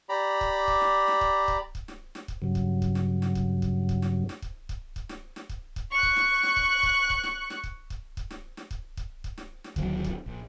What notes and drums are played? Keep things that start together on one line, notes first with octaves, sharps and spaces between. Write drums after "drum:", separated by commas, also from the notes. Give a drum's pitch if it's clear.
G4 D5 A#5 B5
drum: kick
drum: kick
drum: snare
drum: snare
drum: kick
drum: kick
drum: kick
drum: snare
drum: snare
drum: kick
G2 C#3 F#3
drum: kick
drum: kick
drum: snare
drum: snare
drum: kick
drum: kick
drum: kick
drum: snare
drum: snare
drum: kick
drum: kick
drum: kick
drum: snare
drum: snare
drum: kick
drum: kick
C#6 F#6
drum: kick
drum: snare
drum: snare
drum: kick
drum: kick
drum: kick
drum: snare
drum: snare
drum: kick
drum: kick
drum: kick
drum: snare
drum: snare
drum: kick
drum: kick
drum: kick
drum: snare
drum: snare
D2 D#3 E3 F#3, drum: kick
drum: kick
A#1